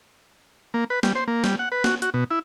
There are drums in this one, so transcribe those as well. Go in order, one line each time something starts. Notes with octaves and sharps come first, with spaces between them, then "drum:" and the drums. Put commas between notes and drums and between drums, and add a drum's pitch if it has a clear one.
A#3
B4
G3, drum: snare
C5
A#3
G3, drum: snare
F#5
B4
F#4, drum: snare
F#4, drum: hi-hat
B2
E4